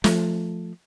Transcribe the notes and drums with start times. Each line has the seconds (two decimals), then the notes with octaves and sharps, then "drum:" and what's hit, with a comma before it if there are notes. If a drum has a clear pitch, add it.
0.04 F3 A3, drum: snare